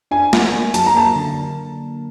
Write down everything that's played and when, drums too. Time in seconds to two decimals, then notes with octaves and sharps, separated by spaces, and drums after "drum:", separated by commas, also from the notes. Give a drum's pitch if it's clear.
0.11 D4 G#5
0.33 A#3, drum: snare
0.53 A#3
0.74 F#3 A5, drum: hi-hat
0.86 A#5
0.95 A#3 A5
1.16 D3